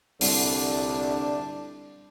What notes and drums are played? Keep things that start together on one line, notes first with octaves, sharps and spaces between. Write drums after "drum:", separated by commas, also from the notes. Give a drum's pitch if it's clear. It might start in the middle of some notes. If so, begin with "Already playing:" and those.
C2 D3 G3 D4, drum: open hi-hat